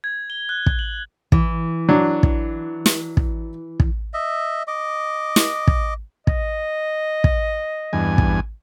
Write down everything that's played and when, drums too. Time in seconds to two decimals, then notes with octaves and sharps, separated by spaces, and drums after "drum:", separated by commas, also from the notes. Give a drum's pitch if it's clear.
0.04 G#6
0.30 G7
0.49 F#6
0.66 drum: kick
0.79 F#7
1.32 E3, drum: kick
1.89 F#3 D4
2.23 drum: kick
2.86 drum: snare
3.17 drum: kick
3.80 drum: kick
4.14 D#5 E5
4.67 D#5 D6
5.36 drum: snare
5.67 drum: kick
6.27 D#5, drum: kick
7.24 drum: kick
7.93 E2 G2 G#5
8.18 drum: kick